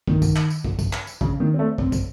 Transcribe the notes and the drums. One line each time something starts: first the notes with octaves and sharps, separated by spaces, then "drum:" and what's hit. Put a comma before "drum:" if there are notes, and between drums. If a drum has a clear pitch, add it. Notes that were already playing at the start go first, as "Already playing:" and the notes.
D#3, drum: kick
drum: kick, tambourine
drum: clap
drum: tambourine
drum: kick
drum: kick, tambourine
drum: clap
drum: tambourine
C#3, drum: kick
D#3
C4
A3
C4, drum: kick
drum: kick, tambourine